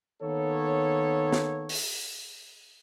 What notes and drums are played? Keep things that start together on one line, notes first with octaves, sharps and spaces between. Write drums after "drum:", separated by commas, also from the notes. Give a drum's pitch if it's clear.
D#3 A#3 B3 A4 C#5
drum: snare
drum: open hi-hat